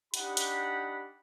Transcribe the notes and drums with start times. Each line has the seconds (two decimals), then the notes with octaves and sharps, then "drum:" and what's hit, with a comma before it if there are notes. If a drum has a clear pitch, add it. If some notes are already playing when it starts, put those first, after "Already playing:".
0.14 D4 D#4 G4 F#5 B5, drum: hi-hat
0.37 drum: hi-hat